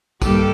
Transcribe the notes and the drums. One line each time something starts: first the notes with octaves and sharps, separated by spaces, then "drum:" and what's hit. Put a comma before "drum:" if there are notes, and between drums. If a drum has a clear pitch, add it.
G2 D#3 G3 A#3 G4 A4, drum: kick, tambourine